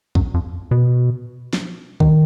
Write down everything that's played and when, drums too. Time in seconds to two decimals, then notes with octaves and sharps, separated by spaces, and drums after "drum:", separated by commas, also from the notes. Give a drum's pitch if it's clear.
0.15 F#2, drum: kick
0.34 F2
0.71 B2
1.53 drum: snare
2.00 D#3, drum: kick